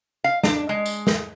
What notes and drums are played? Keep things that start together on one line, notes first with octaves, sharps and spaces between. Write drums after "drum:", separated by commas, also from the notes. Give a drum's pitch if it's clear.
F5
D4, drum: snare
G#3
drum: tambourine
drum: snare